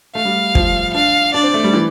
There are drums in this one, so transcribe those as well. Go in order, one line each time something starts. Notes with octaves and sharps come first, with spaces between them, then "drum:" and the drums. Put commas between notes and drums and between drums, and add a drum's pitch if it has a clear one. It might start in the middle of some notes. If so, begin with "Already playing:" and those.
A3 F5
G3
F3, drum: kick
D4 F5
D4 D5
C4
A3
G3
E3